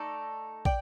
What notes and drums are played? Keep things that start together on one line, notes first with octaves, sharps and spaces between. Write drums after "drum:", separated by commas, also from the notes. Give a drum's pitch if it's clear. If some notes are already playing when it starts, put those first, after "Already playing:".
Already playing: A3 D#4 A4 D5
D5 G5, drum: kick